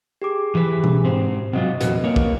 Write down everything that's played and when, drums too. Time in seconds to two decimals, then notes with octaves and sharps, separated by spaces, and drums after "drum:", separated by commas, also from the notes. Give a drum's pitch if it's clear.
0.22 G4 G#4 D6
0.55 E3 B4
0.84 drum: tom B2
1.04 G#2 C4 C5
1.53 C3 F#3 F4 D#5 F#5
1.81 E2 A#2 C4 F#4 B4, drum: hi-hat
2.04 A#3 A#4 C#5
2.16 drum: kick